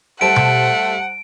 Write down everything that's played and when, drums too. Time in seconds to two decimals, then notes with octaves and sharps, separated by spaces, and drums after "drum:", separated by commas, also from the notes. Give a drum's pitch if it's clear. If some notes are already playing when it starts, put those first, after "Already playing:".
0.21 G3 A3 C5 F#5 A5 D7
0.36 drum: tom B2